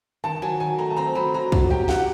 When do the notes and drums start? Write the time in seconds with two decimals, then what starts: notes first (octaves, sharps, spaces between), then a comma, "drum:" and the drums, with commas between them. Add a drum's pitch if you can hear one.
0.24 D#3 A5
0.42 F#3 G#5
0.60 D#3 G#5
0.78 A3 A#5
0.90 A5
0.97 C4 A#5
1.15 F#3 B5
1.34 F#3 A#5
1.52 F#3, drum: kick
1.70 G4 G5
1.89 G4 F#5, drum: snare